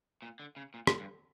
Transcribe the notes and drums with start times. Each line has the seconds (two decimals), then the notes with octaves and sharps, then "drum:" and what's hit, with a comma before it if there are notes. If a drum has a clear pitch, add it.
0.22 A#2
0.40 D3
0.56 C#3
0.74 A#2
0.87 A2, drum: rim click
1.00 G2